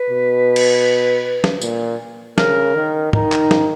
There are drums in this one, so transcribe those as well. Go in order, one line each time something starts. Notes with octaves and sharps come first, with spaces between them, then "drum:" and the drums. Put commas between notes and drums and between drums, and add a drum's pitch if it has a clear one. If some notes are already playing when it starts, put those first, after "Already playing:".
Already playing: B4
B2
drum: cymbal
drum: snare
A#2, drum: tambourine
C#3 A#4, drum: snare
D#3
D#3 D#4, drum: tom
drum: clap
drum: snare